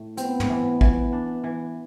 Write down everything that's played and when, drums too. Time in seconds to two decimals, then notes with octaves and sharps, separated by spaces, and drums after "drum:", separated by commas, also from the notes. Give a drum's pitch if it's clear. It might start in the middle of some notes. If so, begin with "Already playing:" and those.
Already playing: A2 A3
0.17 B3 C4, drum: hi-hat
0.40 drum: tom
0.50 E3
0.81 E3, drum: kick
1.13 D4
1.44 E3